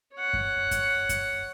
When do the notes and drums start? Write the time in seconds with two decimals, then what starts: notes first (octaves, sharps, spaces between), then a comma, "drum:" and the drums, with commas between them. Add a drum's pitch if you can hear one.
0.14 C#5 F#5
0.33 drum: kick F#2
0.71 drum: kick F#2, hi-hat
1.09 drum: kick F#2, hi-hat